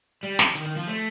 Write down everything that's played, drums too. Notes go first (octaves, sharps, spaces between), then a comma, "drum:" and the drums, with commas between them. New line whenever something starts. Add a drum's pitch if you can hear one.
G3
drum: snare
D#3
D#3
F3
A3